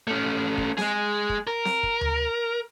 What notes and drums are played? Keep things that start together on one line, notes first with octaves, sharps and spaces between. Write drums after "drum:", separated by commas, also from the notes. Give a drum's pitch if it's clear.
A3 C#4
drum: kick
G#3 G#4, drum: snare C4
drum: kick
A#4
drum: snare C4
drum: kick
drum: tom D2